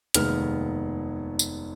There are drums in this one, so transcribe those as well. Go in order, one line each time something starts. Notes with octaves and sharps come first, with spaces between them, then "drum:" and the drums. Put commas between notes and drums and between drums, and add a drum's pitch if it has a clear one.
F1 D#2 D#3 G#3 B3 F6, drum: hi-hat
drum: tambourine